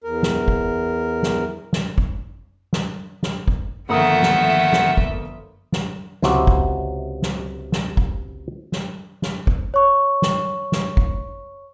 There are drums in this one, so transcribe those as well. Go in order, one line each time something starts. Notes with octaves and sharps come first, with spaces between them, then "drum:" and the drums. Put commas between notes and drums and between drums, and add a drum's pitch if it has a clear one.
E2 A#4
drum: snare
drum: kick
drum: snare
drum: snare
drum: kick
drum: snare
drum: snare
drum: kick
G1 D#3 F3 A3 A#3 E5 F#5 D#6
drum: snare
drum: snare
drum: kick
drum: snare
C#2 C3 E4 F#4, drum: snare
drum: kick
drum: snare
drum: snare
drum: kick
drum: snare
drum: snare
drum: kick
C#5 C#6
drum: snare
drum: snare
drum: kick